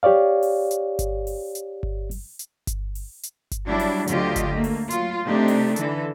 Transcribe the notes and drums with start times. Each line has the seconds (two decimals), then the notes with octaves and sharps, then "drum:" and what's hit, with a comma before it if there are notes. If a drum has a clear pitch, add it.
0.03 G4 C#5 D5 F5
0.43 drum: open hi-hat
0.71 drum: hi-hat
0.99 drum: kick G1, hi-hat
1.27 drum: open hi-hat
1.55 drum: hi-hat
1.83 drum: kick G1
2.11 drum: open hi-hat
2.39 drum: hi-hat
2.67 drum: kick G1, hi-hat
2.95 drum: open hi-hat
3.23 drum: hi-hat
3.51 drum: kick G1, hi-hat
3.66 F#3 G3 D4 E4
3.80 drum: open hi-hat
4.07 D2 D3 F#3 F4 G4 D#5, drum: hi-hat
4.36 drum: kick G1, hi-hat
4.53 A3 A#3
4.64 drum: open hi-hat
4.90 F#3 F4, drum: hi-hat
5.26 C3 A3 D4 D#4 G4
5.48 drum: open hi-hat
5.76 D3 E3 A4, drum: hi-hat